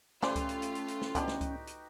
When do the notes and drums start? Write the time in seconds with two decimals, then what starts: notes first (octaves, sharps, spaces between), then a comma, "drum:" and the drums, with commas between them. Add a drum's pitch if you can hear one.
0.22 F3 A3 C#4 F4 G4 B4 C5 D5, drum: snare
0.36 drum: kick C#2, hi-hat
0.49 drum: hi-hat
0.62 drum: hi-hat
0.75 drum: hi-hat
0.88 drum: hi-hat
1.01 drum: snare
1.15 E3 B3 D4 D#4 F#4 G4, drum: kick C#2, hi-hat
1.28 drum: snare
1.41 drum: kick C#2, hi-hat
1.67 drum: hi-hat